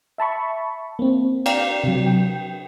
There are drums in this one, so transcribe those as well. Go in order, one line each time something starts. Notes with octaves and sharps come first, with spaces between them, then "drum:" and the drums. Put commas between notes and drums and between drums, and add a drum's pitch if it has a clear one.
E5 A5 B5 C#6
A#3 C4
D5 F5 G5 A#5, drum: cymbal
C3 F#3
G5